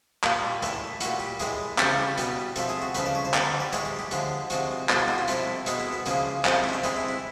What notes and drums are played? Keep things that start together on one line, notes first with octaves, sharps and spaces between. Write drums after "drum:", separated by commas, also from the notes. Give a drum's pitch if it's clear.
A#2 G3 F4, drum: clap
A2 E3 A3, drum: hi-hat
A#2 G3 F#4, drum: hi-hat
G4
A2 E3 G#3 G#4, drum: hi-hat
C#3 E3 G3, drum: clap
B2 G3, drum: hi-hat
C3 F3 A3 A4, drum: hi-hat
G#4
F#4
C#3 F3 A3 B4, drum: hi-hat
D5
C#5
C5
D3 G3 B4, drum: clap
D5
A2 E3 G#3 C#5, drum: hi-hat
G4
G4
D3 F3 G#3, drum: hi-hat
C3 F3 G#3 F#4, drum: hi-hat
B2 G#3 F#4, drum: clap
F4
F#4
F4
C3 F3 A3 E4, drum: hi-hat
B2 G#3 D#4, drum: hi-hat
E4
B3
C#3 F3 G#3 A#3, drum: hi-hat
C3 F3 G#3 C4, drum: clap
F4
E4
C#4
D4
C3 E3 G#3 D#4, drum: hi-hat
E4
E4